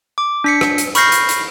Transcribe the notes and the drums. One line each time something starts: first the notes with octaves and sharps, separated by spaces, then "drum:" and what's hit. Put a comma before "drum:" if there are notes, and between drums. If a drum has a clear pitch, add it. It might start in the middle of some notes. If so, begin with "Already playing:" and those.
D6
D4 B6 C#7
drum: rim click
drum: hi-hat
B5 C#6 F6 G6 A#6 C7, drum: hi-hat
drum: hi-hat
drum: hi-hat